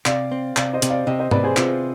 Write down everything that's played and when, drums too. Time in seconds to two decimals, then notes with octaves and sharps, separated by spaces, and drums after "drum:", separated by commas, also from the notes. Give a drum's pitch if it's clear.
0.06 C3 D5 F5, drum: clap
0.32 C4
0.57 C3 D5 F5, drum: clap
0.73 C5 D#5
0.82 C3, drum: hi-hat
0.90 D5 F5
1.07 C3 C5 D#5
1.19 C5 D#5
1.31 C3 B4 D5, drum: tom G#2
1.44 G#4 C5
1.57 C3 F4 G#4, drum: clap